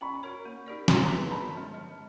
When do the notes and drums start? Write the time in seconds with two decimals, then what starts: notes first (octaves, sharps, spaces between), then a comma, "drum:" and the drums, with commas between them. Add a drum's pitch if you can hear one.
0.01 C#4 B5 C#6
0.23 F#4 A#4 C#5
0.45 A#3
0.66 D#4 G4 A#4 D5
0.88 B3 A#5 C6, drum: snare
1.10 D#4 G#4 B4
1.31 D3 A5 B5
1.53 F3 G#3
1.74 G#3